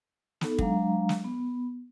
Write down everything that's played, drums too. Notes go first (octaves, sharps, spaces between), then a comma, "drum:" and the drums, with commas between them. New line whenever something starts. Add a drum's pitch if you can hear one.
B3 D#4 A4, drum: snare
F#3 G#3 D4 F5 A#5, drum: kick
drum: snare
B3